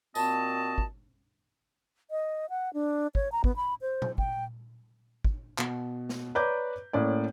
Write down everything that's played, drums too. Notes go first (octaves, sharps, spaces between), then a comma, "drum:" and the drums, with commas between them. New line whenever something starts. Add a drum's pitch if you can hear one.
A#2 C4 F#4 D#5 A5, drum: tambourine
drum: kick
D#5
F#5
D4
C#5, drum: kick
A#5
B3, drum: kick
B5
C5
drum: tom A#2
G5, drum: kick
drum: kick
B2, drum: clap
drum: snare
B4 C#5 D5 A#5 D6 G6
A2 A#3 C#4 D5